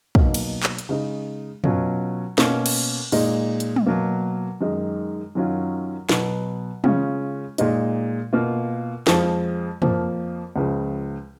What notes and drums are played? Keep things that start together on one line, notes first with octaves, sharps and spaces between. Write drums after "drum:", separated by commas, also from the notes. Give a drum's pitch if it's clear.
B2 F#3 A#3 D#4, drum: kick
drum: cymbal
drum: clap
drum: hi-hat
C#3 G#3 D#4
B2 F#3 C#4 F4, drum: tom
B2 A#3 C#4, drum: snare
drum: cymbal
A#2 G#3 D#4, drum: open hi-hat
drum: hi-hat
drum: tom
B2 F#3 A#3
F#2 D#3 G#3 D#4
F#2 D#3 F#3 C#4 F4
B2 F#3 B3, drum: snare
C#3 G#3 C#4 F4, drum: tom
A#2 G#3 D#4, drum: hi-hat
B2 A#3 F4
F2 F3 G#3, drum: snare
F2 F3 A#3, drum: tom
C#2 C#3 F3